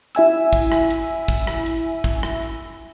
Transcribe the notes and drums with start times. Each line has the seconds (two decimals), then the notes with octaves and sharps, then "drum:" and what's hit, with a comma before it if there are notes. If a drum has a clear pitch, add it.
0.15 E4 E5 G#5 E6, drum: hi-hat
0.53 drum: kick, hi-hat
0.72 drum: rim click
0.91 drum: hi-hat
1.28 drum: kick, hi-hat
1.47 drum: rim click
1.66 drum: hi-hat
2.04 drum: kick, hi-hat
2.23 drum: rim click
2.42 drum: hi-hat